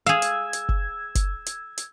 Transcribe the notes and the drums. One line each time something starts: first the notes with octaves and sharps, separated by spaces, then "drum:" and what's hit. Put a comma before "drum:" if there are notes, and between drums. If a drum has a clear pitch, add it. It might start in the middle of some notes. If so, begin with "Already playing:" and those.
G#4 F5 E6 G#6
drum: hi-hat
drum: hi-hat
drum: kick F#1
drum: kick F#1, hi-hat
drum: hi-hat
drum: hi-hat